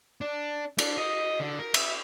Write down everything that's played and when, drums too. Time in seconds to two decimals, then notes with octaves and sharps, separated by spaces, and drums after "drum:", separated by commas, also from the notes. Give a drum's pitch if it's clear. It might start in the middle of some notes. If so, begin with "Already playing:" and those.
0.21 D4
0.78 D4, drum: cymbal
0.98 D#5
1.40 D3
1.59 A#4
1.74 E5, drum: cymbal